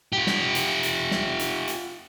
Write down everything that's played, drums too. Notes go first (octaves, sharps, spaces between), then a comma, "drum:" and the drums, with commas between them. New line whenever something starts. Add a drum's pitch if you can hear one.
F4 G4
drum: snare
drum: hi-hat
drum: hi-hat
drum: snare
drum: hi-hat
drum: hi-hat